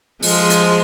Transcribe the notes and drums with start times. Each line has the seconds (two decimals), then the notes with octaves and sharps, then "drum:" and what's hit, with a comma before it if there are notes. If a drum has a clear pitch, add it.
0.22 F3 G#3, drum: open hi-hat
0.50 drum: hi-hat